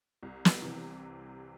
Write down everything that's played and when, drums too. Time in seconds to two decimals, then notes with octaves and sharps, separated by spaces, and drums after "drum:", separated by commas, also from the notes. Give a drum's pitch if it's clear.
0.23 C2
0.45 drum: snare
0.62 C3 E3